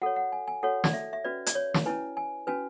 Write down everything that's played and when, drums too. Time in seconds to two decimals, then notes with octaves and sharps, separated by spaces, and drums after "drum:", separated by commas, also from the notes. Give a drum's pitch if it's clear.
0.02 F#4 A4 C#5 F#5
0.16 F#5
0.32 G#5
0.47 G#5
0.63 F#4 A4 C#5 F#5
0.84 D5, drum: snare
0.93 E5
1.13 E5
1.24 C#4 F#4 B4 D5
1.46 D5, drum: hi-hat
1.55 C#5
1.74 drum: snare
1.86 C#4 E4 B4 G#5
2.17 G#5
2.47 C#4 F#4 B4 G#5